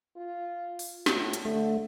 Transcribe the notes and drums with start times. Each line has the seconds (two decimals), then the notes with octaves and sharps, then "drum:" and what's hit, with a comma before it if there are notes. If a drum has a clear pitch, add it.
0.16 F4
0.79 drum: open hi-hat
1.06 A2, drum: snare
1.33 drum: hi-hat
1.45 D3 A3